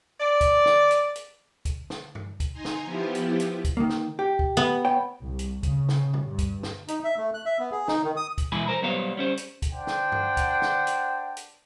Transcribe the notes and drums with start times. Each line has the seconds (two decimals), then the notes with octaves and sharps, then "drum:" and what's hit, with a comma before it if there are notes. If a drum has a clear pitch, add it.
0.20 D5
0.41 drum: kick, hi-hat
0.66 drum: snare
0.91 drum: hi-hat
1.15 drum: hi-hat
1.65 drum: kick, hi-hat
1.90 drum: snare
2.15 drum: tom G2
2.40 drum: kick, hi-hat
2.53 D#4 G#5 A#5 C6
2.65 drum: snare
2.85 F3 B3 E4 F4 G4
3.15 drum: hi-hat
3.40 drum: hi-hat
3.65 drum: kick, hi-hat
3.77 D#3 A#3
3.89 drum: snare
4.19 G4
4.39 drum: kick
4.57 B3
4.85 C#5 G5
5.21 C2
5.39 drum: hi-hat
5.63 C#3, drum: kick, hi-hat
5.89 drum: snare
6.14 drum: tom
6.24 G2
6.38 drum: kick, hi-hat
6.63 drum: snare
6.88 D#4, drum: hi-hat
7.04 E5
7.17 A3
7.34 F#6
7.46 E5
7.59 B3
7.72 G#4
7.88 D#4, drum: snare
8.04 D#3
8.17 D#6
8.38 drum: kick, hi-hat
8.52 B2 E3 G#3 G#5 B5
8.68 A#4 C5 A#5
8.82 F#3 G3 B3 C5 C#5 F5
9.17 G3 C#4 C5
9.37 drum: hi-hat
9.62 drum: kick, hi-hat
9.72 D4 C5 F#5 G5
9.87 drum: snare
10.12 drum: tom G2
10.37 drum: kick, hi-hat
10.62 drum: snare
10.87 drum: hi-hat
11.37 drum: hi-hat